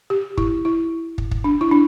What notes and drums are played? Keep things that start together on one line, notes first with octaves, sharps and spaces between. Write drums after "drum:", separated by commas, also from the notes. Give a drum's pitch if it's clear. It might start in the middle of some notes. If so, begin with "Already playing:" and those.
G4
E4, drum: kick
E4
drum: kick
drum: kick
D4
E4
D4